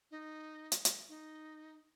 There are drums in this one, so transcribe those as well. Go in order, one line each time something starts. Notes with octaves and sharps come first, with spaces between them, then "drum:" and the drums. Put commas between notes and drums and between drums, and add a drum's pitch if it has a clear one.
D#4
drum: hi-hat
drum: hi-hat
D#4